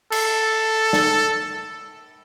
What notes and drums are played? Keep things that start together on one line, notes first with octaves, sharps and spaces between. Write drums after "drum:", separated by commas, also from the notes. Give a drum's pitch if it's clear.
A4, drum: cymbal
drum: snare